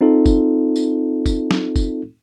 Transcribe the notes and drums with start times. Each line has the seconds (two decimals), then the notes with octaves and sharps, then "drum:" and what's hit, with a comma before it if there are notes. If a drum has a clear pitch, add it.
0.01 C4 D#4 F4 A4
0.26 drum: kick, tambourine
0.76 drum: tambourine
1.26 drum: kick, tambourine
1.51 drum: snare
1.76 drum: kick, tambourine